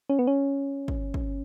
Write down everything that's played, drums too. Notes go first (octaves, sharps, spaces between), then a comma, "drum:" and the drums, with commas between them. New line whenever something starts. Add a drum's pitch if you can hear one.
C#4
B3
C#4
drum: kick
drum: kick